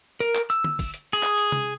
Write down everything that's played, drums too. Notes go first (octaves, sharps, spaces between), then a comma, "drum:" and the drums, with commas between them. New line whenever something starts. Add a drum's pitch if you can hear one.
A#4, drum: hi-hat
drum: clap
E6, drum: hi-hat
drum: tom D3
drum: kick, open hi-hat
drum: hi-hat
G#4
drum: clap
drum: hi-hat
drum: tom C3